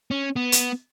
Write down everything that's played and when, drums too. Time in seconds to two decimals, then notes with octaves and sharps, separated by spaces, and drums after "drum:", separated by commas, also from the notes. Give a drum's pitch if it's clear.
0.11 C#4
0.36 B3
0.52 drum: hi-hat